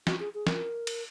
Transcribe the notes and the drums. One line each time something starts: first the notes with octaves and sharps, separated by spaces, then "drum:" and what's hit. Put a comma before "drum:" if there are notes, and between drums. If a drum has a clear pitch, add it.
F#4, drum: snare
G#4
G#4
A#4, drum: snare
drum: cymbal